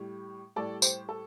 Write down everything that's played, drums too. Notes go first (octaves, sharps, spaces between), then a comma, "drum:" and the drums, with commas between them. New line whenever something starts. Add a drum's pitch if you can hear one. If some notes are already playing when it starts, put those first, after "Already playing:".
Already playing: A2 G3
A2 G3 A4 D5
G4 C5, drum: tambourine
A4